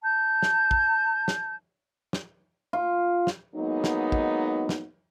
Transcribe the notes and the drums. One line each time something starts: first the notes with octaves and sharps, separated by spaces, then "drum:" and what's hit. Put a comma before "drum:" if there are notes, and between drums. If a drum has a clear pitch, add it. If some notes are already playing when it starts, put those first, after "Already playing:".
A5 G6
drum: snare
drum: kick
drum: snare
drum: snare
F4
drum: snare
F#3 G#3 A#3 B3 D#4
drum: snare
drum: kick
drum: snare